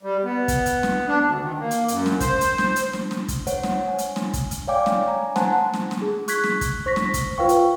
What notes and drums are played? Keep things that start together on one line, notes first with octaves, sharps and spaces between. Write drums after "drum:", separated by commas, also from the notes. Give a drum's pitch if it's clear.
G3
B3
drum: kick, hi-hat
drum: hi-hat
drum: snare
D4
D2
D#3
A#3
drum: hi-hat
F#2, drum: hi-hat
drum: snare
C5, drum: kick, hi-hat
drum: hi-hat
drum: snare
drum: hi-hat
drum: snare
drum: snare
drum: kick, hi-hat
C5 C#5 F#5, drum: hi-hat
drum: snare
G#5
drum: hi-hat
drum: snare
drum: kick, hi-hat
drum: hi-hat
C#5 D5 F5 G5 G#5 D6
drum: snare
G#5 A#5
C5 F#5 G#5 A5 C6 F#6, drum: snare
drum: snare
drum: snare
G#4
C#6 F#6 G#6 B6, drum: hi-hat
drum: snare
drum: kick, hi-hat
C5 C#6 A#6 B6
drum: snare
drum: kick, hi-hat
F4 B4 C5 F5 G5 C#6
drum: hi-hat